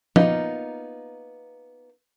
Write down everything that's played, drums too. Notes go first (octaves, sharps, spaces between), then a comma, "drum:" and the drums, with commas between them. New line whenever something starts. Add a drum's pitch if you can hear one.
A#3 B3 D#4 F4, drum: tom F3